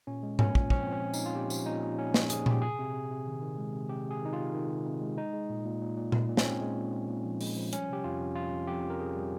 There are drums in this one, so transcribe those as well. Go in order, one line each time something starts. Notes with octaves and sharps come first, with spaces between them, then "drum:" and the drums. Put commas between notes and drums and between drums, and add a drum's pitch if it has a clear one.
A#2 C#4
G#3
A#2 C#4, drum: tom G#2
A#2, drum: kick
F3 C#4, drum: kick
C4
F3
C#4
A#2
A#2 D#4, drum: tambourine
F4
A#2 G4
F3, drum: tambourine
A#2 D#4
A#2
A#2 C#4
A#2, drum: snare
F3 G#4, drum: hi-hat
A#2 G4, drum: tom A#2
C3 G#4
C3
C3
C3
D#3
D#3
G#3
C3
C3 G4
C3 G#4
D#3 D#4
F4
C3
D#3
C3
C3
G#3
G#3 D#4
G#3
A#2
A#2
A#2
A#2
A#2, drum: tom A#2
A#2
C#4, drum: snare
G#3 C4
G#3
A#2
A#2
A#2
F3
G#3, drum: open hi-hat
F3
G3 C#4, drum: hi-hat
C3 G4
F2 F4
F2
F2 F4
F2
F2 G4
F2
A#4
F2 G#4
G3